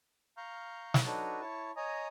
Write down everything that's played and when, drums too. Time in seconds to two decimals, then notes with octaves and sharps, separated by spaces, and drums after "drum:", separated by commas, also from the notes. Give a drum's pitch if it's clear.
0.37 F5 A#5 C#6 F6 G6
0.94 drum: snare
1.06 D4 D#4 F#4 A4 B4 C#5
1.41 E4 C#5 A5 C#6
1.76 C#5 D#5 G#5 A#5 D#6